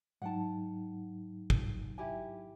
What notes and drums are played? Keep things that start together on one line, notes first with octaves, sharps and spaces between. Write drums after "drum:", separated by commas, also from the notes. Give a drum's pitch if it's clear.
G#2 F#3 D#4 F#5 G5 A5
drum: kick
E4 G4 G#5